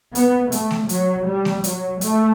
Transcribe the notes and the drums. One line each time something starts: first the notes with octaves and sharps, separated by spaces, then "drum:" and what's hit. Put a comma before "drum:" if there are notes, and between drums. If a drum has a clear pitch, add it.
B3, drum: hi-hat
A3, drum: hi-hat
drum: snare A3
F#3, drum: hi-hat
G3
drum: snare A3
F#3, drum: hi-hat
A3, drum: hi-hat